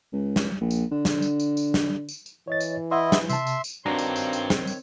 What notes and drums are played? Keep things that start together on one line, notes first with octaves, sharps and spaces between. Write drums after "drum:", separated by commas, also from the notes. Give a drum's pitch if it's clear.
C#2
drum: snare
A#1
drum: tambourine
D3
drum: snare
drum: tambourine
drum: tambourine
drum: tambourine
drum: snare
drum: tambourine
drum: tambourine
E3 C#5 D#5 A6
drum: tambourine
E4 D#5 E5 F#5 C6
drum: snare
C3 E5 A5 C6, drum: tambourine
drum: tambourine
drum: tambourine
G2 D#3 C4 D4 F#4 C#5 A#5 C6
drum: tambourine
drum: tambourine
drum: tambourine
drum: snare
drum: tambourine